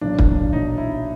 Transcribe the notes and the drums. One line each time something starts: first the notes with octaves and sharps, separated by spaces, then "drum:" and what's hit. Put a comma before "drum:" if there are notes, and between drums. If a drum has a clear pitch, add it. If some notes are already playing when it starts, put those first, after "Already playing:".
B1 A#2 F#3 D4
drum: kick
D4
B1 A#2 F#3 D#4
E4